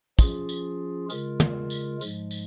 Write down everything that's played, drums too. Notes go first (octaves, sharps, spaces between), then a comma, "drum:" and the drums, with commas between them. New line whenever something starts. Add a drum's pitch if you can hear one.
F3 C#4 F4 G#4, drum: kick, tambourine
drum: tambourine
C#3 G#3 F4 A#4, drum: tambourine
drum: tom
drum: tambourine
G#2 F3 G#3, drum: tambourine
drum: tambourine